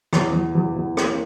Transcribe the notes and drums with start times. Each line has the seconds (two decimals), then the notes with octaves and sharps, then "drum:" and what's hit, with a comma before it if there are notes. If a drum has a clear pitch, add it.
0.13 E2, drum: rim click
0.33 E2
0.55 E2
0.76 E2
0.97 A#3, drum: rim click